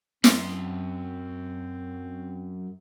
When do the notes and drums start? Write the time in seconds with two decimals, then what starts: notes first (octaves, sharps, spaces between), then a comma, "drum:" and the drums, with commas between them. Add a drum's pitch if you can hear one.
0.24 F#2 C4 C6, drum: snare